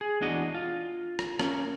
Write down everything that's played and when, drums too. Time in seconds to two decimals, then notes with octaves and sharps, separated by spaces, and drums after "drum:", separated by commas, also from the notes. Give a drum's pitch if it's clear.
0.01 G#4
0.21 E2 D4 F#4 D#5
0.55 F4
1.19 drum: rim click
1.39 A#3 C#4, drum: rim click